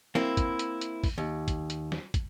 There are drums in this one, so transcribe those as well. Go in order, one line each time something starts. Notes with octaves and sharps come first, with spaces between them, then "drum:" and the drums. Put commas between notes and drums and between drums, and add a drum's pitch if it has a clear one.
A#3 C4 E4, drum: snare
drum: kick, hi-hat
drum: hi-hat
drum: hi-hat
drum: kick, open hi-hat
D#2
drum: kick, hi-hat
drum: hi-hat
drum: snare
drum: kick, hi-hat